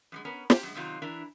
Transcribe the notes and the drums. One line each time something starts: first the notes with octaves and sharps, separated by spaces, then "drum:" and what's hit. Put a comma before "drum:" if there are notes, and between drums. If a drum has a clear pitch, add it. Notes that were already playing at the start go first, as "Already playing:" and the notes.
F#2 G3 G#3
B3 C#4 A#4
A#3 F4 G4, drum: snare
F#2 G#3
F#2 C3 D#3 F#3 D#4 F4
E3 D4 E4 A#4